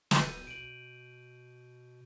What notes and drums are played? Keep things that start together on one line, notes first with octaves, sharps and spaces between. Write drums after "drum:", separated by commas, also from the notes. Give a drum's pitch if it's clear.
D1 G6 D#7, drum: snare
B2 D7 D#7 F#7